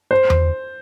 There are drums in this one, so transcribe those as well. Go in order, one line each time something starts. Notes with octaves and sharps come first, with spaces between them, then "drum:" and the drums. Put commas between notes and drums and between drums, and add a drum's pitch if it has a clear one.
C5
drum: tom E2